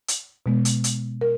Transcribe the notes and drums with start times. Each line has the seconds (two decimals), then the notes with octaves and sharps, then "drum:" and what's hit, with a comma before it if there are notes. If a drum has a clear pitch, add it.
0.08 drum: hi-hat
0.46 B2 G#3 B3
0.65 drum: hi-hat
0.84 drum: hi-hat
1.21 A#4